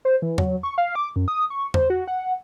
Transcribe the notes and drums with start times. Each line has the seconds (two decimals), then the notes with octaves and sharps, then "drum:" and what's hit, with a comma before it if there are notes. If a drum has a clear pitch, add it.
0.05 C5
0.22 E3
0.38 F#3, drum: tom
0.63 C#6
0.78 F5
0.95 D6
1.16 F#2
1.28 D#6
1.50 C#6
1.74 C5, drum: tom
1.90 F#4
2.08 F#5